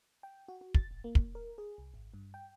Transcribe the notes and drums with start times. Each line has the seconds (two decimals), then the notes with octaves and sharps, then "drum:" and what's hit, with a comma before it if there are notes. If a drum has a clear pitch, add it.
0.23 G5
0.48 F#4
0.61 F#4
0.74 A6, drum: kick
0.91 G#1
1.04 A#3
1.15 drum: kick
1.35 A#4
1.58 G#4
1.78 C2
1.94 G#1
2.14 G2
2.34 G5